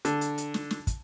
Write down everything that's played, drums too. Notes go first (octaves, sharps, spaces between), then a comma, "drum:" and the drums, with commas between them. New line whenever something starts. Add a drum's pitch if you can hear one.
D3, drum: hi-hat
drum: hi-hat
drum: hi-hat
drum: snare
drum: snare
drum: kick, hi-hat